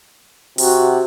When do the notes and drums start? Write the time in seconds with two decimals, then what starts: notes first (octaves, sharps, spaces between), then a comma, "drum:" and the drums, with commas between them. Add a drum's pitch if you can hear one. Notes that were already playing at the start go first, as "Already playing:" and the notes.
0.58 C3 F#4, drum: open hi-hat